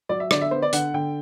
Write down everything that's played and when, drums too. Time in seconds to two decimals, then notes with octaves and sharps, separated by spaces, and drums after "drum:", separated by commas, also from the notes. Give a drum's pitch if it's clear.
0.09 F#3 D5
0.20 E5
0.31 D3 D5, drum: rim click
0.41 E5
0.51 B3 C5
0.62 D5
0.73 D3 F#5, drum: hi-hat
0.94 D3 G5